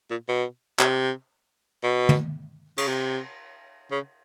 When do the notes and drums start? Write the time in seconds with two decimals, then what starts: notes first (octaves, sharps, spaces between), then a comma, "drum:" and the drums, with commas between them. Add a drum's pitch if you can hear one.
0.11 A#2
0.28 B2
0.79 C3, drum: clap
1.83 B2
2.09 drum: tom
2.78 C#3, drum: cymbal
2.88 C3
3.91 C#3